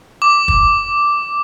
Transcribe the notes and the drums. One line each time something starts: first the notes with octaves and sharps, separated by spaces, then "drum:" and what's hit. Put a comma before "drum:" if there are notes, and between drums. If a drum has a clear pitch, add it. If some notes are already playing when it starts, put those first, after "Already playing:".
D6
drum: kick